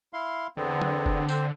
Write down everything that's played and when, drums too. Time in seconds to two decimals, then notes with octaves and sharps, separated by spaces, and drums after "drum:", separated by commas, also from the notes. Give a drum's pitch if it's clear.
0.13 E4 F5 C6
0.57 E2 D3 B3 C4
0.82 drum: tom
1.06 drum: kick F1
1.28 C4 C5, drum: tambourine